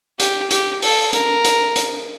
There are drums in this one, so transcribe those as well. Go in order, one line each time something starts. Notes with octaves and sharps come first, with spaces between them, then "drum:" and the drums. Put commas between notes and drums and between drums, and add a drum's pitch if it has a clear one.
G4, drum: hi-hat
G4, drum: hi-hat
A4, drum: open hi-hat
A#4, drum: hi-hat
drum: hi-hat
drum: hi-hat